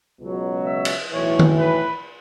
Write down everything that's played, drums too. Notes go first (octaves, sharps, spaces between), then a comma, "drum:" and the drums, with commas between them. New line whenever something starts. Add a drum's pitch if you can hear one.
C#2 B2 F#3
E5
drum: cymbal
B1 A2 E3 C#5
drum: tom D#3
B4